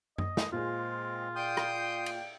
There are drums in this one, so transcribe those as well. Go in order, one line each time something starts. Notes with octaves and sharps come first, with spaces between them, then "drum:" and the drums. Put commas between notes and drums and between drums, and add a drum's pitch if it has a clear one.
D#5, drum: tom F#2
drum: snare
A#2 G#3 C4 F4 G#4
D5 F5 G5 C6 D#6 G6
drum: rim click
drum: cymbal